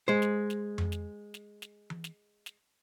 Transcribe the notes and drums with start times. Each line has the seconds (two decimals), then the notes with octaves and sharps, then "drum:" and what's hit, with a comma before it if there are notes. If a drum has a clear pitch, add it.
0.08 G#3 C5
0.22 drum: snare
0.50 drum: snare
0.78 drum: tom F2
0.92 drum: snare
1.34 drum: snare
1.62 drum: snare
1.90 drum: tom E3
2.04 drum: snare
2.46 drum: snare